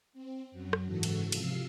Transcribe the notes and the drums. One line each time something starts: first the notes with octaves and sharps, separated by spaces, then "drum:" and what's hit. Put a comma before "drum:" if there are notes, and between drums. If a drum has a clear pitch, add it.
C4
F#2 F#3
drum: rim click
G#2 C#3 E3 F#4 A4
drum: cymbal
C3 F3 F5 E6 C7, drum: cymbal